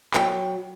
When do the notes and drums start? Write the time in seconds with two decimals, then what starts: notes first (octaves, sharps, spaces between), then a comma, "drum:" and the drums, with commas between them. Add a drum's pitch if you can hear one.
0.14 F#3 G5, drum: clap